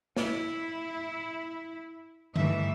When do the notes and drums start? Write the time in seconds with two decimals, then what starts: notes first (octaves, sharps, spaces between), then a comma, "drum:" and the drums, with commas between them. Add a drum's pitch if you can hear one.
0.17 E4, drum: snare
2.36 G2 D#3 E3 A3 E5, drum: tom D3